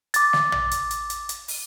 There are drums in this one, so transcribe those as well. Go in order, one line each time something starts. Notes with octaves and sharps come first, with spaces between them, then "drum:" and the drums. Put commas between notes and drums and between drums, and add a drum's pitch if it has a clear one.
D6 A6, drum: hi-hat
drum: snare
drum: tom
drum: hi-hat
drum: hi-hat
drum: hi-hat
drum: hi-hat
drum: open hi-hat